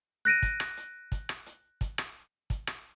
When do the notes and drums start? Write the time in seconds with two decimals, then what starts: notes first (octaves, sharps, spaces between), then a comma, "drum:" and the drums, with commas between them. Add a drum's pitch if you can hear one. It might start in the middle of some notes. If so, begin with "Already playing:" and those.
0.25 F#6 A#6 D7 D#7
0.43 drum: kick, hi-hat
0.60 drum: rim click
0.77 drum: hi-hat
1.12 drum: kick, hi-hat
1.29 drum: rim click
1.46 drum: hi-hat
1.81 drum: kick, hi-hat
1.98 drum: rim click
2.50 drum: kick, hi-hat
2.67 drum: rim click